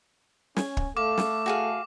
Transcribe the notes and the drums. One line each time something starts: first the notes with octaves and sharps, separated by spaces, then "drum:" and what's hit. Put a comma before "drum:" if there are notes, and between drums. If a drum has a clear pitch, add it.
C#4 G#5, drum: snare
drum: kick
A3 A4 F5 D6
drum: snare
F#4 G#4 F5